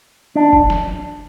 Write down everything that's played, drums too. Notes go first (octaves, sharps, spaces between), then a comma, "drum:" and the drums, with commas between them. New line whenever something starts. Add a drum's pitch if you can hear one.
D4
drum: kick
drum: snare